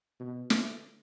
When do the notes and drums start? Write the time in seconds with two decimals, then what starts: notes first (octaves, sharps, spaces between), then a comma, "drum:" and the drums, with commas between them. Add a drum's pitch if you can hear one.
0.20 B2
0.50 D3, drum: snare